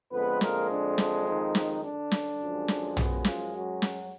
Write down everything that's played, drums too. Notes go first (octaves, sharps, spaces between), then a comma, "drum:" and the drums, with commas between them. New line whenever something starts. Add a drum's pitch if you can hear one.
F2 D3 G#3 B3 B4
A#3 A#4, drum: snare
D3 D4
drum: snare
D#3 D#4
drum: snare
D3 D4
drum: snare
F#2 F3 G#3
drum: snare
B3, drum: tom
F3 F4, drum: snare
F#3 F#4
drum: snare